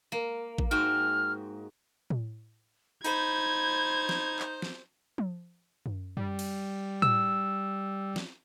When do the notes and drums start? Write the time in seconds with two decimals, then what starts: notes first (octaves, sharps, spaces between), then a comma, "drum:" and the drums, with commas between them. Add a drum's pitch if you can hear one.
0.12 A#3
0.58 drum: kick A1
0.71 G#2 F#4 G5 F6
2.10 drum: tom A2
3.04 D#4 C5 B5 G#6, drum: hi-hat
4.09 drum: snare
4.39 drum: clap
4.62 drum: snare
5.18 drum: tom F3
5.86 drum: tom F#2
6.17 G3, drum: tom F#2
6.39 drum: cymbal
7.02 E6, drum: tom A2
8.16 drum: snare